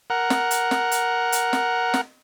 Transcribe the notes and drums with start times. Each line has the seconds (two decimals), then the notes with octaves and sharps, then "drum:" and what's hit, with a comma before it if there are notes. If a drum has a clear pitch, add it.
0.10 A#4 F#5
0.30 drum: snare
0.51 drum: hi-hat
0.71 drum: snare
0.92 drum: hi-hat
1.32 drum: hi-hat
1.53 drum: snare
1.94 drum: snare